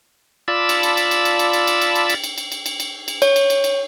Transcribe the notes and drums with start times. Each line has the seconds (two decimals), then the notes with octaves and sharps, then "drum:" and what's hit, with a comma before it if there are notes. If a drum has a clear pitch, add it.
0.48 F4 D5 A5 B5 E6
0.69 drum: cymbal
0.83 drum: cymbal
0.97 drum: cymbal
1.11 drum: cymbal
1.25 drum: cymbal
1.39 drum: cymbal
1.53 drum: cymbal
1.67 drum: cymbal
1.81 drum: cymbal
1.95 drum: cymbal
2.10 drum: cymbal
2.24 drum: cymbal
2.38 drum: cymbal
2.52 drum: cymbal
2.66 drum: cymbal
2.80 drum: cymbal
3.08 drum: cymbal
3.22 C#5, drum: cymbal
3.36 drum: cymbal
3.50 drum: cymbal
3.64 drum: cymbal